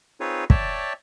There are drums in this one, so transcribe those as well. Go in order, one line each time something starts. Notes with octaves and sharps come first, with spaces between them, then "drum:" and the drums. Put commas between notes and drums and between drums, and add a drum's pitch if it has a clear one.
C4 D#4 F4 G#4 B4 C#5
C#5 D5 E5 G5 A5, drum: kick